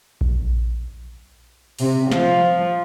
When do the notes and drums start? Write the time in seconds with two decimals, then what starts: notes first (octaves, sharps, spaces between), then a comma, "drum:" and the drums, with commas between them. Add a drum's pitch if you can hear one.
0.21 drum: kick A#1
1.79 C3, drum: open hi-hat
2.11 F3, drum: snare